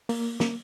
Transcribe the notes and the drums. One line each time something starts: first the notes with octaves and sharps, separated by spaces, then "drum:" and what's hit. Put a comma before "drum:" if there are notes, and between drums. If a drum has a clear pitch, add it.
A#3, drum: open hi-hat
A#3, drum: snare